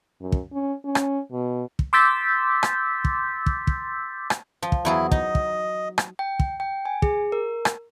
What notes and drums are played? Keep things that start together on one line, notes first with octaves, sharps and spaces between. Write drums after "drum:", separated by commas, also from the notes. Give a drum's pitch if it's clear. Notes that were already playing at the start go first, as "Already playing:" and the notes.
F#2
drum: kick
C#4
C#4
drum: rim click
B2
drum: kick
C6 D6 E6 G6 A6 B6
drum: rim click
drum: kick
drum: kick
drum: kick
drum: rim click
F3
drum: kick
E2 F#3 E4 G#4
D#4 D#5, drum: kick
drum: kick
drum: rim click
G5
drum: kick
G5
G#5
G#4, drum: kick
A#4
drum: rim click